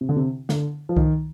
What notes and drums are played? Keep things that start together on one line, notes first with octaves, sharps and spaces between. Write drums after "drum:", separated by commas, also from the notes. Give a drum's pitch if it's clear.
C3
D3
C3
D3, drum: snare
F3
D#3, drum: kick C2